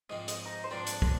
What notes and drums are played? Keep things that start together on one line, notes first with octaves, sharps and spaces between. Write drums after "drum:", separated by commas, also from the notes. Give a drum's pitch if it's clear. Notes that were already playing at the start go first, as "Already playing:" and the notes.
G#2 F3 C4 D#5
D#5, drum: hi-hat
D#4 D#5
C5
G#2 F3 C4 D4 D5
drum: hi-hat
drum: kick